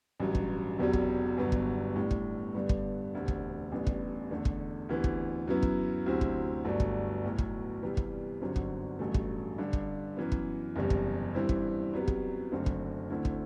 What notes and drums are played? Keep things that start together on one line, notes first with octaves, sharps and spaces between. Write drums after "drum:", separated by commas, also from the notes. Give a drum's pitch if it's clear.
A1 G2 F#3
drum: kick
E1 E2 C3 F#3
drum: kick
G1 G2 F#3 B3
drum: kick
A2 G3 D4
drum: kick
G2 D3 G3 B3 D4
drum: kick
E1 D2 C3
drum: kick
A1 A2 G3 B3 D4
drum: kick
E2 D3 A3
drum: kick
D2 C3 E3 B3
drum: kick
F#2 F#3 B3 E4
drum: kick
D2 C3 F#3 C4 E4
drum: kick
G1 G2 F#3 A3 D4
drum: kick
B1 A2 F#3
drum: kick
C2 C3 E3 G3 B3
drum: kick
G1 F#2 D3 F#3 C4
drum: kick
A1 G2 F#3 A3
drum: kick
G2 D3 G3 D4
drum: kick
F#2 E3 B3
drum: kick
F#1 E2 C3 G3
drum: kick
G2 E3 G3 C4 E4
drum: kick
C2 C3 F#3 B3
drum: kick
F#1 F#2 D3 A3 C4
drum: kick
D2 D3 A3 C4 E4
drum: kick